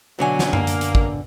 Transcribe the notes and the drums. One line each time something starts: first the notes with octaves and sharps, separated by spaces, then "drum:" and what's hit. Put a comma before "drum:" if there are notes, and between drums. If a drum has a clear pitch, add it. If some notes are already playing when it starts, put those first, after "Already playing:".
B2 D3 F#3 G#5
drum: snare
A#3, drum: tom F#2
drum: hi-hat
drum: hi-hat
drum: kick